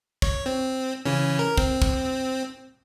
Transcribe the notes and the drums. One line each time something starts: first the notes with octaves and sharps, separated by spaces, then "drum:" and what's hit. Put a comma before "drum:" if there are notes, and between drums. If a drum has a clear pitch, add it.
C#5, drum: kick
C4
C#3 E3 C#4
A#4
C4, drum: kick
drum: kick